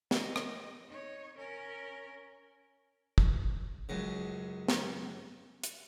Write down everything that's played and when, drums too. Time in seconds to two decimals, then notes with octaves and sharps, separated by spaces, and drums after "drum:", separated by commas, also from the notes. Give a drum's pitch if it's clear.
0.11 C4 D#5, drum: snare
0.36 drum: rim click
0.87 D#4 C#5
1.37 C#4 A#4
3.18 drum: kick
3.89 C#2 F#2 C#3
4.68 drum: snare
5.64 drum: hi-hat